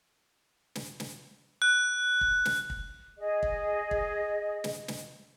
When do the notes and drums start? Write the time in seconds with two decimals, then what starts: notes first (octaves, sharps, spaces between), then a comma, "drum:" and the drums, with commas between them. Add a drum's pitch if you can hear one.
0.75 drum: snare
1.00 drum: snare
1.62 F#6
2.21 drum: kick
2.45 drum: snare
2.70 drum: kick
3.18 G#4 D#5
3.43 drum: kick
3.91 drum: kick
4.64 drum: snare
4.88 drum: snare